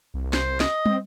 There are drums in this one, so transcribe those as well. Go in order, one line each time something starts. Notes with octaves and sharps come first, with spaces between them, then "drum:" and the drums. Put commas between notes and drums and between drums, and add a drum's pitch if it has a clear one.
C2
C5, drum: snare
D#5, drum: snare
C4, drum: tom